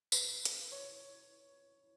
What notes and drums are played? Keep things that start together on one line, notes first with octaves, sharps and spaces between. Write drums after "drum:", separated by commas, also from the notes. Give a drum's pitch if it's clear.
B4, drum: tambourine
drum: hi-hat
C#5